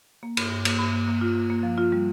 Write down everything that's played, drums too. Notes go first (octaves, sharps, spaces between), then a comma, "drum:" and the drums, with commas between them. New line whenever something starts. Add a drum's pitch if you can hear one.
A#3
G2, drum: cymbal
G2
A#3, drum: cymbal
G2
A#3
A#3
F4
A#3
A#3
F3
F4
G3